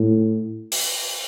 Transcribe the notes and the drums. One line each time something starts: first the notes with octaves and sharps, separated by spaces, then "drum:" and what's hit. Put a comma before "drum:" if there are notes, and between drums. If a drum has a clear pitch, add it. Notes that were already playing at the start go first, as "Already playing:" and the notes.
Already playing: A2
drum: open hi-hat